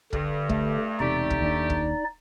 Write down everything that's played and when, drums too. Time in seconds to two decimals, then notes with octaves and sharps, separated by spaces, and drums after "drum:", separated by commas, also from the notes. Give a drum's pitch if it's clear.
0.13 G2 D3, drum: kick
0.49 A3, drum: kick
1.00 E1 C3 A3 D#4 G4 D5
1.30 drum: kick
1.41 D#2 D4
1.70 drum: kick